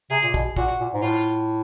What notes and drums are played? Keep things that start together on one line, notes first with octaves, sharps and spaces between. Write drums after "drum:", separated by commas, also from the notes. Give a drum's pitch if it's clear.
C3 G#4
A#2
B2, drum: kick
A#2 F#4, drum: kick
A#2
G#2
A2 F4